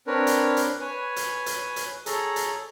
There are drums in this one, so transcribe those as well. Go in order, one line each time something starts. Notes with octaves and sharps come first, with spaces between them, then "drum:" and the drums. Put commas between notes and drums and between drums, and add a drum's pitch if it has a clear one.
C4 D4 A#4 B4 C#5
drum: hi-hat
drum: hi-hat
B4 C#5 G#5
drum: hi-hat
drum: hi-hat
drum: hi-hat
G#4 A4 C#5 A#5, drum: hi-hat
drum: hi-hat